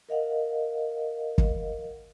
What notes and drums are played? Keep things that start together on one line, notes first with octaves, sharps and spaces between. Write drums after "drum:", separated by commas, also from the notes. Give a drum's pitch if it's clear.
A#4 D#5 F5 F#5
drum: kick